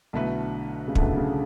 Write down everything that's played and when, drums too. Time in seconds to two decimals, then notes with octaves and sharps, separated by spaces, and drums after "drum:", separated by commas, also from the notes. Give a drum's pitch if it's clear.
0.13 B1 B2 D3 A3 E4 B4
0.88 C#3
0.95 B1 B2 D3 A3 E4 B4, drum: kick
1.17 C#3